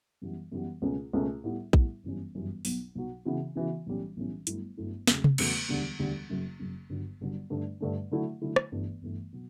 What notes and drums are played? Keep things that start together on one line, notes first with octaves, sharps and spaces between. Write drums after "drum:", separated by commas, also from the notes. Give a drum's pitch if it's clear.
F#2 E3 G3 B3
F#2 E3 G3 B3
C#2 B2 A3 C#4
C#2 B2 A3 C#4
A2 G3 B3 E4
A2 G3 B3 E4, drum: kick A#1
G1 F#2 E3 G3 C#4
G1 F#2 E3 G3 C#4
B1 B2 F#3, drum: open hi-hat
B1 B2 F#3
C#3 E3 B3 F#4
C#3 E3 B3 F#4
B1 A2 E3 G3 C#4
B1 A2 E3 G3 C#4
G1 G2 F#3 A3 E4, drum: hi-hat
G1 G2 F#3 A3 E4
E1 E2 C#3 F#3 A3, drum: snare
drum: tom C3
E1 E2 C#3 F#3 A3, drum: cymbal
E1 D2 D3 G3
E1 D2 D3 G3
F#1 F#2 C#3
F#1 F#2 C#3
G1 G2 D3 F#3
G1 G2 D3 F#3
G2 D3 A3 D4
G2 D3 A3 D4
D3 F#3 A3 E4
D3 F#3 A3 E4
drum: rim click
G1 G2 E3 A3
G1 G2 E3 A3
B2 F#3